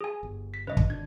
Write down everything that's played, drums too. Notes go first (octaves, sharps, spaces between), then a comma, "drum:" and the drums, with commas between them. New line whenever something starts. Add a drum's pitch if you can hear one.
G#4 G#5
G1
B6
G2 C#3 B4 D#5
drum: kick
G#1 D3 G#6